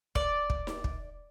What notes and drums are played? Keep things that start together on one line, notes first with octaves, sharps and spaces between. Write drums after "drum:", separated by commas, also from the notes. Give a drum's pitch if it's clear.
D5, drum: kick
drum: kick
drum: snare D#4
drum: kick